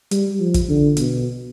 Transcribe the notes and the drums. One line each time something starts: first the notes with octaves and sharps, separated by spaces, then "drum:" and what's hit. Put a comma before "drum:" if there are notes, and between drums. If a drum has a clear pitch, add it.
G3, drum: hi-hat
F3
drum: kick, hi-hat
D3
B2, drum: hi-hat